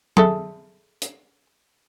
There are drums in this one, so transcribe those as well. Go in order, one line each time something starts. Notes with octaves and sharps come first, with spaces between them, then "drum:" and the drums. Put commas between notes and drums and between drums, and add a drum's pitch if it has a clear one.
G#4 A4 E5, drum: tom
drum: hi-hat